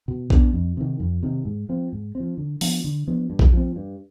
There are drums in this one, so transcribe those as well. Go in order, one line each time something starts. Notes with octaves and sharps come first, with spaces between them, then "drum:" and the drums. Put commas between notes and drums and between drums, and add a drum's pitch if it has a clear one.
B2
B3 D4, drum: kick A#1
F2
C3 D#3
F2
C3 D#3
G#2
F3 C4
G#2
F3 C4
D3
F3 B3 D4, drum: open hi-hat
D3
F3 B3 D4
G2
drum: kick A#1
F3 C4
G2